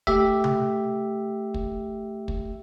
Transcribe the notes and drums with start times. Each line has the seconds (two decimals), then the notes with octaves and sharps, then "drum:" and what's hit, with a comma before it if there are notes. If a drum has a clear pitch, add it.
0.07 A3 G4 E5, drum: kick
0.44 drum: tom C3
1.54 drum: kick
2.28 drum: kick